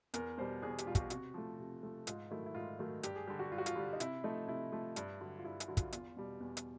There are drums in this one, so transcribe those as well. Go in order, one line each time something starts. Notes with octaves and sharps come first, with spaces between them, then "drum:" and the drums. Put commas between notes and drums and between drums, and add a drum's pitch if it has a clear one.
E2 A#4, drum: hi-hat
B2 G3 C5
E2 G#4
G4, drum: hi-hat
B2 G3 F4
F#4, drum: kick, hi-hat
C3 F#4, drum: hi-hat
F3 A3
C3
F3 A3
G#2 F4, drum: hi-hat
D#3 F#3 A3 E4
E4
G#2 F4
D#3 F#3 A3
G2 G4, drum: hi-hat
G#4
D3 G3 G4
F#4
G2 F4
F#4
F4, drum: hi-hat
D3 G3
D#4
C3 E4, drum: hi-hat
F3 A3 D#4
C3 E4
F3 A3
G2, drum: hi-hat
D3 F#3
F4
G2 E4
E4, drum: hi-hat
D3 F#3
F4, drum: kick, hi-hat
E2 F4, drum: hi-hat
B2 G3
E2
drum: hi-hat